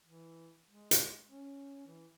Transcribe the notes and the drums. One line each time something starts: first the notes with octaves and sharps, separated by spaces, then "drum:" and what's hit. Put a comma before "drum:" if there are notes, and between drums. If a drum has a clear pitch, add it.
E3
G#3
drum: hi-hat
C#4
E3